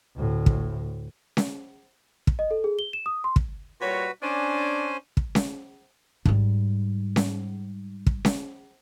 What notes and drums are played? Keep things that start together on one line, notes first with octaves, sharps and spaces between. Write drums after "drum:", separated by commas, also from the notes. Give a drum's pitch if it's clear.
D2 A2
drum: kick
drum: snare C#4
drum: kick
D#5
A4
G#4
G7
E7
D#6
C6
drum: kick
A#2 G3 F#4 B4 C#5
C#4 D4 C5 G#5
drum: kick
drum: snare C#4
G#2 G3, drum: kick
drum: snare C#4
drum: kick
drum: snare C#4